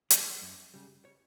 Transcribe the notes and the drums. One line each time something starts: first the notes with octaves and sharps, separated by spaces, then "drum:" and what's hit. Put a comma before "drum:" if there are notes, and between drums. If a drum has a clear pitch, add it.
F#3 A#3, drum: hi-hat
F#2
C#3 G3
C#5